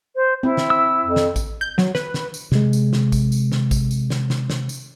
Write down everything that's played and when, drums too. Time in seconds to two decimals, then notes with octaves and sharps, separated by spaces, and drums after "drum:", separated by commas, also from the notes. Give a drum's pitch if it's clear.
0.15 C5
0.43 C4 E4
0.57 drum: snare
0.70 E6
1.05 F2
1.16 drum: snare
1.36 drum: kick A1, tambourine
1.61 G6
1.78 F#3, drum: snare
1.95 B4, drum: snare
2.14 drum: snare
2.34 drum: tambourine
2.52 C3 G#3, drum: snare
2.73 drum: tambourine
2.93 drum: snare
3.12 drum: kick A1, tambourine
3.32 drum: tambourine
3.52 drum: snare
3.71 drum: kick A1, tambourine
3.91 drum: tambourine
4.10 drum: snare
4.30 drum: snare
4.50 drum: snare
4.69 drum: tambourine